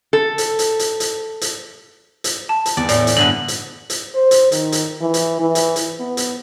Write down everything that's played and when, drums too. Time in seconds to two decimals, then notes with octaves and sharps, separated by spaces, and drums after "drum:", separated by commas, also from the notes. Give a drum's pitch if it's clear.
0.13 A4
0.38 drum: hi-hat
0.59 drum: hi-hat
0.79 drum: hi-hat
1.00 drum: hi-hat
1.41 drum: hi-hat
2.24 drum: hi-hat
2.49 A5
2.66 drum: hi-hat
2.77 E2 D5
2.89 A2 D5, drum: hi-hat
3.07 drum: hi-hat
3.17 G2 D3 B4 F#7
3.48 drum: hi-hat
3.90 drum: hi-hat
4.15 C5
4.31 drum: hi-hat
4.52 D#3, drum: hi-hat
4.72 drum: hi-hat
5.01 E3
5.14 drum: hi-hat
5.40 E3
5.55 drum: hi-hat
5.76 drum: hi-hat
6.00 B3
6.17 drum: hi-hat